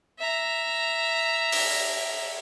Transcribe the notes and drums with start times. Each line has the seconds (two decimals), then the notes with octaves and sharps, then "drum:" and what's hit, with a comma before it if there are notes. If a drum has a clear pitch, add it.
0.19 E5 A#5
1.52 drum: open hi-hat